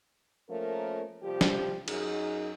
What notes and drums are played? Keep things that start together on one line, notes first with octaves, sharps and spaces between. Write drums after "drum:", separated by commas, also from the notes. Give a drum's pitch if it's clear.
F3 A3 A#3 C#4 A#4
C3 F3 G3 G4
drum: snare
F#2 D#4 G#4, drum: cymbal